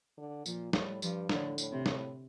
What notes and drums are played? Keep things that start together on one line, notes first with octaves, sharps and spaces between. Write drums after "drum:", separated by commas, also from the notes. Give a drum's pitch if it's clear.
D3
A#2 F3, drum: tambourine
A2 G3, drum: snare
G2 F3, drum: tambourine
A2 D3, drum: snare
A2, drum: tambourine
C3
A2, drum: snare